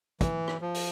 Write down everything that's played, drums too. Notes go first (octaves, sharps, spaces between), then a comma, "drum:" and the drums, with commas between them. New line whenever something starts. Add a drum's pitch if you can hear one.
E3, drum: kick, hi-hat
drum: rim click
F3
drum: open hi-hat